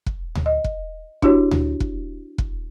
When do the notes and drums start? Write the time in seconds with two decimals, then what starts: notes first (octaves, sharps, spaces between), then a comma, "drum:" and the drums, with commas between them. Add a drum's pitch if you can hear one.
0.06 drum: kick
0.35 drum: tom D2
0.46 D#5
0.64 drum: kick
1.22 D4 E4 F#4 G4 C#5, drum: kick
1.51 drum: tom D2
1.80 drum: kick
2.38 drum: kick